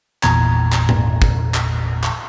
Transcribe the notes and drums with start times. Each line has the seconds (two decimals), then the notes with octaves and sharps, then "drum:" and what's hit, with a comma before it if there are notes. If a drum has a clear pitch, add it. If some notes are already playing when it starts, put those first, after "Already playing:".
0.23 G#1 E2 A#2 A#5 G#6, drum: clap
0.72 drum: clap
0.89 drum: tom G#2
1.22 drum: kick
1.54 drum: clap
2.04 drum: clap